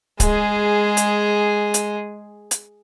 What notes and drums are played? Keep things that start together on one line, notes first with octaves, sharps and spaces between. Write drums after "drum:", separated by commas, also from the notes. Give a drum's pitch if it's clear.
G#3 G#4, drum: kick C#1, hi-hat
drum: hi-hat
drum: hi-hat
drum: hi-hat